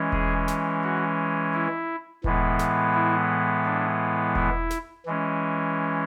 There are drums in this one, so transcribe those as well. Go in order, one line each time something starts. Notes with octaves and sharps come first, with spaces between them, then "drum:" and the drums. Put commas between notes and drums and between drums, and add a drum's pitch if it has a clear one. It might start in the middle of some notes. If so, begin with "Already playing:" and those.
Already playing: E3 G#3 C#4
G#4, drum: kick E1
drum: snare
F#4
E4
A2 E3 G#3 B3, drum: kick E1
drum: snare
E4
D4
E4, drum: kick E1
drum: snare
E3 G#3 C#4